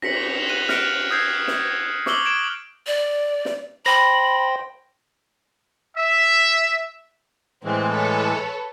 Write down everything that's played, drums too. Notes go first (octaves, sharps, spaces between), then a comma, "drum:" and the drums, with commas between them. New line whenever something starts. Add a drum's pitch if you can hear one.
A#6 B6 C#7 F#7, drum: cymbal
F#6 D#7 F#7
F6 F#6 A#6 C#7 D7, drum: snare
D#6 E6 G6 G#6 C7
drum: snare
C#6 D6 E6 F#7 G7, drum: snare
G#6 D7 E7 G7
D5
drum: snare
C5 G5 B5 C6 A#6
E5
A2 E3 G#3 C4
A4 B4 C#5